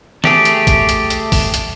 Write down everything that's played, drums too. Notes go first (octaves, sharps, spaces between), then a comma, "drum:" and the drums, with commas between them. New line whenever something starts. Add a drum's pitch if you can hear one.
A3 G4 G#4, drum: snare
drum: hi-hat
drum: kick, hi-hat
drum: hi-hat
drum: hi-hat
drum: kick, open hi-hat
drum: hi-hat